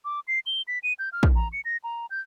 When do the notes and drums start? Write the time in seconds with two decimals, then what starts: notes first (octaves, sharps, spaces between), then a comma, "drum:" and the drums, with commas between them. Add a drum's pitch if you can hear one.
0.05 D6
0.28 C7
0.46 G7
0.68 B6
0.83 D#7
0.99 G6
1.13 F6
1.23 drum: kick
1.35 A#5
1.53 C#7
1.65 A#6
1.84 A#5
2.11 G6